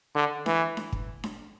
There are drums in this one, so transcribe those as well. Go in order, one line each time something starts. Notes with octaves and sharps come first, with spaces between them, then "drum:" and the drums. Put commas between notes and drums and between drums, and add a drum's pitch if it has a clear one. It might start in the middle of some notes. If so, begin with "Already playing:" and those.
D3
E3, drum: snare D4
drum: snare D4
drum: kick
drum: snare D4